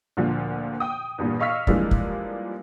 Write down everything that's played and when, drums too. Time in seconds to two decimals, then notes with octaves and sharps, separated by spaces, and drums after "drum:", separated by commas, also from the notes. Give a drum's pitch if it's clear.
0.17 D2 A#2 D3 F3
0.80 G5 D#6
1.18 E2 G2 A#2
1.40 D#5 F5 C#6 E6 F6 B6
1.67 E3 F3 G3 G#3 A#3 D4, drum: kick
1.91 drum: kick